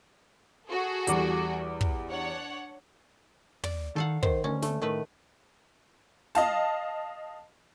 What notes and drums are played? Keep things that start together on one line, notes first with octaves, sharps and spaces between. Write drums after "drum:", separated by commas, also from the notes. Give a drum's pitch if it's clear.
F#4 G#4 A4
E2 G3 D6, drum: hi-hat
drum: kick
D4 C#5 F#5
D5, drum: tom
D#3 A4 F5 F#5
D#3 C5, drum: kick
D2 C#4
A3, drum: snare
A2 D#3 A3 B4
D#5 F5 A5, drum: snare